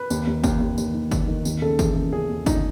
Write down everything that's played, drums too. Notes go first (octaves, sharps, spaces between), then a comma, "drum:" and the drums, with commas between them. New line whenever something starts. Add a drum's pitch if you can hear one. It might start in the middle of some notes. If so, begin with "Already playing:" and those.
Already playing: B4
D#2, drum: tambourine
D#2
D#2, drum: kick G1, tambourine
D#2
D#2, drum: tambourine
D#3
D#2, drum: kick G1, tambourine
D#3
D#2, drum: tambourine
C#3 A4
E3 G#4, drum: kick G1, tambourine
C#3
C#3 G#4
D#2
D#4, drum: kick G1, tambourine